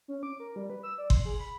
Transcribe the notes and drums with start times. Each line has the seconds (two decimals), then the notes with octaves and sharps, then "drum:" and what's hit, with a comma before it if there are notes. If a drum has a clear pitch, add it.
0.08 C#4
0.23 D6
0.40 A#4
0.56 G3
0.70 B4
0.83 E6
0.98 D5
1.10 C6, drum: kick G1
1.25 G#4
1.39 B5